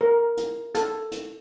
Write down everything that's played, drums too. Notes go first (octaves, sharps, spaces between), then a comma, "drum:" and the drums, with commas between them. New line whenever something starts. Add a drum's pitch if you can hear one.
A#4
drum: hi-hat
A4, drum: hi-hat
drum: hi-hat